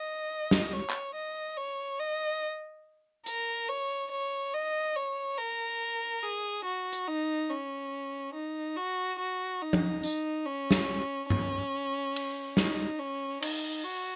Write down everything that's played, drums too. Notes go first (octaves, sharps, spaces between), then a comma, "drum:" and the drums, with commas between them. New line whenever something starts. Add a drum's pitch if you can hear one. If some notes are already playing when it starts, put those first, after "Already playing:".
Already playing: D#5
drum: snare
C#5
drum: clap
D#5
C#5
D#5
A#4, drum: hi-hat
C#5
C#5
D#5
C#5
A#4
G#4
F#4
drum: hi-hat
D#4
C#4
D#4
F#4
F#4
D#4
drum: tom
D#4, drum: tambourine
C#4
drum: snare
C#4, drum: tom G2
drum: cymbal
D#4, drum: snare
C#4
D#4, drum: cymbal
F#4